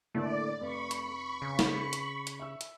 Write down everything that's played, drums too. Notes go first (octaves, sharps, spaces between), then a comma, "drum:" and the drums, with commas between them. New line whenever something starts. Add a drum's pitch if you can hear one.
A2 D3 A3 A#3 D5
F1 B5 C#6
drum: hi-hat
C#3
drum: snare
drum: hi-hat
drum: hi-hat
E5 C#6 E6
drum: hi-hat